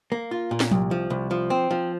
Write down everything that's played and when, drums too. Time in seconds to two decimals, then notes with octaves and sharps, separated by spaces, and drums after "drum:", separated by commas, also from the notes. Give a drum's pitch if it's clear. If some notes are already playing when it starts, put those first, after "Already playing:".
0.12 A#3
0.31 F4
0.51 A#2
0.60 drum: snare
0.71 C2, drum: tom F3
0.91 F3
1.10 C2
1.31 F3
1.50 C4
1.71 F3